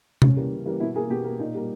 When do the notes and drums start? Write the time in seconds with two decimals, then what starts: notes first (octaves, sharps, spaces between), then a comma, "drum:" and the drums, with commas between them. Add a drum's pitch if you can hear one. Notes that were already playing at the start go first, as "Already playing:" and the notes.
0.22 C#3 C#4, drum: tom C3
0.36 E3 G3 A#3
0.52 C#3
0.66 E3 G3 A#3
0.80 B2 E4
0.95 A#3 G#4
1.10 B2 G4
1.24 A#3
1.39 A#2 D#4
1.54 G3 A#3